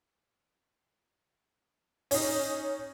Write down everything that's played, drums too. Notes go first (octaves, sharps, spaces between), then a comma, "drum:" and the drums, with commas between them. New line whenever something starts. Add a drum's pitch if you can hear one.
C#4 D#4, drum: open hi-hat